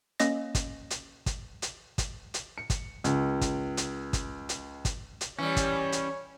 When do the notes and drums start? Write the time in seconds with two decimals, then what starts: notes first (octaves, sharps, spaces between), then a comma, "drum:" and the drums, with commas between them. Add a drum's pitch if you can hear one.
0.20 A#3 C#4 D#5 A#6, drum: hi-hat
0.55 drum: kick, hi-hat
0.90 drum: hi-hat
1.26 drum: kick, hi-hat
1.62 drum: hi-hat
1.98 drum: kick, hi-hat
2.34 drum: hi-hat
2.58 C#7
2.70 drum: kick, hi-hat
3.04 C#2, drum: hi-hat
3.41 drum: kick, hi-hat
3.77 drum: hi-hat
4.13 drum: kick, hi-hat
4.49 drum: hi-hat
4.85 drum: kick, hi-hat
5.21 drum: hi-hat
5.39 E3 G3 C#4 C#5
5.56 drum: kick, hi-hat
5.92 drum: hi-hat